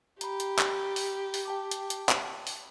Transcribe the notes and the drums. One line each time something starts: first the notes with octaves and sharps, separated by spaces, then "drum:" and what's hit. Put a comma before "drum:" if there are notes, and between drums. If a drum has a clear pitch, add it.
G4 A#5 B5, drum: hi-hat
drum: hi-hat
drum: clap
drum: open hi-hat
drum: open hi-hat
G5 A5 D6
drum: hi-hat
drum: hi-hat
drum: clap
drum: open hi-hat